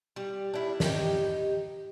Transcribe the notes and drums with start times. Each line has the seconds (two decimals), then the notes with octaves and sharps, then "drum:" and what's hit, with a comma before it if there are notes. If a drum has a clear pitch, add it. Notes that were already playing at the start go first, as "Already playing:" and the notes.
0.16 G3
0.54 D4 E4
0.80 D4 D#4 G4, drum: snare